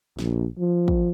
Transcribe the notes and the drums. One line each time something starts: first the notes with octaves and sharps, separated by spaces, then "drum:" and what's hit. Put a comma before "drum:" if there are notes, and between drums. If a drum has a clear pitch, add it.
A#1, drum: snare
F3
drum: kick